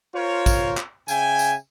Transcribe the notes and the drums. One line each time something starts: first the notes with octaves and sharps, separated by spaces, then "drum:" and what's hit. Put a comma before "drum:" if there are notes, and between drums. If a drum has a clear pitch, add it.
F4 A#4 C5 C#5
drum: kick, tambourine
drum: clap
C#3 E5 G5 G#5, drum: tambourine
drum: tambourine